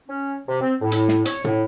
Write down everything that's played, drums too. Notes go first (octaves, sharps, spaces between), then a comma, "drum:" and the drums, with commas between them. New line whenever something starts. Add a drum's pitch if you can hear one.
C#4
C3
C4
A2
drum: hi-hat
drum: snare
C#5, drum: hi-hat
A2, drum: tom